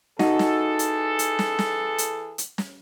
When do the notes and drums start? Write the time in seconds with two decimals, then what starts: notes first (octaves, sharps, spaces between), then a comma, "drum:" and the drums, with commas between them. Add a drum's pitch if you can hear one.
0.19 E3 D#4 F#4 G#4 A4, drum: snare
0.39 drum: snare
0.79 drum: hi-hat
1.19 drum: hi-hat
1.39 drum: snare
1.59 drum: snare
1.98 drum: hi-hat
2.38 drum: hi-hat
2.58 drum: snare